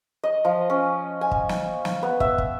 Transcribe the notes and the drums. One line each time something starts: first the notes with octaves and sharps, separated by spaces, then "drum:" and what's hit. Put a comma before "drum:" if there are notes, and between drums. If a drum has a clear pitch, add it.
D#5
F3
C#4
G#5
drum: kick
drum: snare
drum: snare
B3
E5, drum: kick
drum: kick